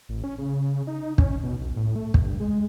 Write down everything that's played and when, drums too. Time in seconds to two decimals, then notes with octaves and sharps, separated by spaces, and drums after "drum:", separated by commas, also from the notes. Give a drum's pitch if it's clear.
0.09 A1
0.24 C#4
0.38 C#3
0.87 D#4
1.18 C#4, drum: kick
1.43 B2
1.60 B1
1.76 A2
1.96 A3
2.14 G2, drum: kick
2.40 G#3